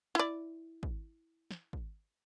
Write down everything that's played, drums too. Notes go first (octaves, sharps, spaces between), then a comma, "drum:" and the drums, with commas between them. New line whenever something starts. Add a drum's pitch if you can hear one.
E4 D5
drum: kick
drum: snare
drum: kick